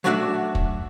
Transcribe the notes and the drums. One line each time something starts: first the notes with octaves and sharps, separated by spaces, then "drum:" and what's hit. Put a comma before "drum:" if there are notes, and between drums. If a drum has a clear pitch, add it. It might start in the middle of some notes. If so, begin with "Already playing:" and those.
F#3 A3 D4 F#4 D5 E5
drum: kick